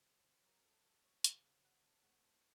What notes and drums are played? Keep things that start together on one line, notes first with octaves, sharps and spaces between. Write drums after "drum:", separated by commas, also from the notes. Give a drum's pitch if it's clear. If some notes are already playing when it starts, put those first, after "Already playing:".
Already playing: C#3 F#3 C4
C5
C#3 F#3 C4 A#4
A4
A4
C#5
C#3 F#3 C4 F5, drum: hi-hat
F5
F#5
A5
A2 A3 C4 F#5
A5